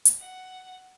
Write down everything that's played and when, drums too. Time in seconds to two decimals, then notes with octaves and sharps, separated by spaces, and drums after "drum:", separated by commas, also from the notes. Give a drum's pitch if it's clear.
0.05 drum: hi-hat
0.19 F#5